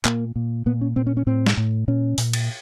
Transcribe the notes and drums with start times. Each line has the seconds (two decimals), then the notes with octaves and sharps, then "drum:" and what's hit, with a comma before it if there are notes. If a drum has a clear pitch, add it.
0.05 A#2 A#3, drum: clap
0.36 A#2
0.66 A#2 B3
0.81 C#4
0.96 A#2 C4
1.07 C#4
1.17 C#4
1.27 A2 C4
1.46 drum: snare
1.57 A2
1.88 A#2 C#4
2.18 A#2, drum: open hi-hat
2.33 drum: cymbal